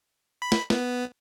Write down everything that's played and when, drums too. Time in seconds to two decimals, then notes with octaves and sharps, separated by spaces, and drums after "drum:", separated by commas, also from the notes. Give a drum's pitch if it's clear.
0.42 B5
0.52 drum: snare
0.70 B3, drum: snare